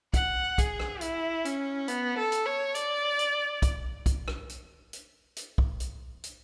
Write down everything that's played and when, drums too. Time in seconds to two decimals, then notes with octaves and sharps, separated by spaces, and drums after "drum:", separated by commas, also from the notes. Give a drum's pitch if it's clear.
0.14 F#5, drum: kick B1, hi-hat
0.58 G#4, drum: kick B1, hi-hat
0.79 drum: rim click
1.01 E4, drum: hi-hat
1.45 C#4, drum: hi-hat
1.88 B3, drum: hi-hat
2.18 A4
2.32 drum: hi-hat
2.46 C#5
2.75 D5, drum: hi-hat
3.19 drum: hi-hat
3.62 drum: kick B1, hi-hat
4.06 drum: kick B1, hi-hat
4.28 drum: rim click
4.49 drum: hi-hat
4.93 drum: hi-hat
5.36 drum: hi-hat
5.58 drum: kick B1
5.80 drum: hi-hat
6.23 drum: hi-hat